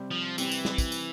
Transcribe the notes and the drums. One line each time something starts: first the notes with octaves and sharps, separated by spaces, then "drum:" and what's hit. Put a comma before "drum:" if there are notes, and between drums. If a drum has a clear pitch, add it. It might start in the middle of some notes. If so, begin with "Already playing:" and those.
Already playing: C3 G3 C4 G4
F3
C3 E3 G3 C4 G4, drum: tambourine
drum: tambourine
drum: snare
drum: kick, tambourine
drum: tambourine